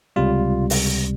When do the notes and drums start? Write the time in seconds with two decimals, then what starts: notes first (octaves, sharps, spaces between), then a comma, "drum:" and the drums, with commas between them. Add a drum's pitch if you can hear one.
0.16 C#2 C3 G3 F4
0.70 drum: open hi-hat